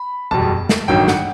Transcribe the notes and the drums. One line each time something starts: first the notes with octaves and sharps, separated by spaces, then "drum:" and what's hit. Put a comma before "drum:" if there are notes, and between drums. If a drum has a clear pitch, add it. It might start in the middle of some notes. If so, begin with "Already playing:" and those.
Already playing: B5
F#1 E2 B2 G3 A5
drum: snare
A1 G2 D#3 F#3 G5
F#5, drum: snare